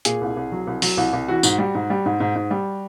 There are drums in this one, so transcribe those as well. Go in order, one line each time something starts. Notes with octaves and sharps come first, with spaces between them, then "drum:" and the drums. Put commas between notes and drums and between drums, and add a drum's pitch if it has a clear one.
A#2 G#4, drum: hi-hat
C2
C2
F#3
C2
F#3, drum: open hi-hat
C2
C2
E3 F#4
G#2, drum: tambourine
G3
G#2
G3
G#2
G#2
G#2
G3